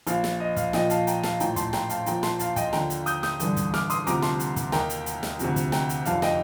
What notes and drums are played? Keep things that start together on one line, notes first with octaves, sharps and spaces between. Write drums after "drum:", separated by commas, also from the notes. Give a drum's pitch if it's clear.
A#1 A#2 F3 F5, drum: hi-hat
drum: snare
D#5
F5, drum: kick, hi-hat
A#1 A#2 F3 D#5 G5, drum: snare
F5 A5, drum: hi-hat
G5 A#5, drum: hi-hat
F5 A5, drum: snare
A#1 A2 F3 G5 A#5, drum: hi-hat
A5 C6, drum: kick, hi-hat
G5 A#5, drum: snare
F5 A5, drum: hi-hat
A#1 A#2 F3 G5 A#5, drum: hi-hat
A5 C6, drum: snare
F5 A5, drum: hi-hat
D#5 G5, drum: kick, hi-hat
D#2 D3 F3 G5 A#5, drum: snare
drum: hi-hat
D#6 G6, drum: hi-hat
D#6 G6, drum: snare
A1 G2 D3, drum: hi-hat
drum: kick, hi-hat
D6 F6, drum: snare
C6 D#6, drum: hi-hat
D2 C3 F3 A#5 D6, drum: hi-hat
A5 C6, drum: snare
drum: hi-hat
drum: kick, hi-hat
D#2 D#3 G5 A#5, drum: snare
drum: hi-hat
drum: hi-hat
drum: snare
D2 C3 F3, drum: hi-hat
drum: kick, hi-hat
G5 A#5, drum: snare
drum: hi-hat
F1 F2 D3 F3 F5 A5, drum: hi-hat
D#5 G5, drum: snare